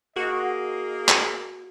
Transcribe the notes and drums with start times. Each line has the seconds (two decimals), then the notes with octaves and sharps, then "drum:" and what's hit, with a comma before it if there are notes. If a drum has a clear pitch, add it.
0.16 A#3 F#4 G#4 D#5
1.09 drum: clap